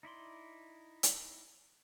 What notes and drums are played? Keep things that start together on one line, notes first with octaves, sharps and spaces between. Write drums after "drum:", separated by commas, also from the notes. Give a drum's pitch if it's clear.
D#4 E4 D5 C6
drum: hi-hat